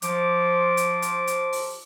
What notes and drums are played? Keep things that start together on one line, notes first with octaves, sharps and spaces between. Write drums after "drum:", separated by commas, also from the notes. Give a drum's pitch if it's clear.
F3 D6, drum: hi-hat
drum: hi-hat
drum: hi-hat
drum: hi-hat
drum: open hi-hat